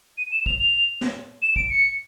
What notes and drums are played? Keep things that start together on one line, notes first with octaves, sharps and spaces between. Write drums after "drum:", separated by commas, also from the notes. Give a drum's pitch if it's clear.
D#7
E7
F7, drum: kick
F7
drum: snare
E7
D7, drum: kick
C#7